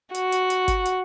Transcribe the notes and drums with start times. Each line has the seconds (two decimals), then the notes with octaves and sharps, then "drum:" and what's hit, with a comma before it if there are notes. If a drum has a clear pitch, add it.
0.15 F#4, drum: hi-hat
0.32 drum: hi-hat
0.50 drum: hi-hat
0.68 drum: kick G1, hi-hat
0.85 drum: hi-hat